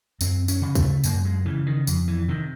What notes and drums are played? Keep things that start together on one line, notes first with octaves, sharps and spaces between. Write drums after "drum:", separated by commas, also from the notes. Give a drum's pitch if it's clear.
F#2 C4, drum: tambourine
C#4, drum: tambourine
C#3
A3, drum: kick, tambourine
F#2 A#3, drum: tambourine
G#3
C#3 E3
D#3
F2, drum: tambourine
E3
C3 D#3